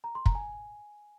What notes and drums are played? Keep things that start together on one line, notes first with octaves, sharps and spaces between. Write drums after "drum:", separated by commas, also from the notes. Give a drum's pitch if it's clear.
A#5
C6
A#5, drum: kick
G#5